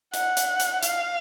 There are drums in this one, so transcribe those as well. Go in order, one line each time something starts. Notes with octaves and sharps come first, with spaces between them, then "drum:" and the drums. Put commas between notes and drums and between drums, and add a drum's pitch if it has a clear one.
F#5, drum: hi-hat
drum: hi-hat
drum: hi-hat
F5, drum: hi-hat